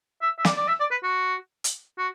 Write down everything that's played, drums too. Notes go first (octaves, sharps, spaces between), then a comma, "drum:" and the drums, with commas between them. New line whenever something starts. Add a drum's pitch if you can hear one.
E5
E5
D5, drum: snare
D5
E5
D5
B4
F#4
drum: hi-hat
F#4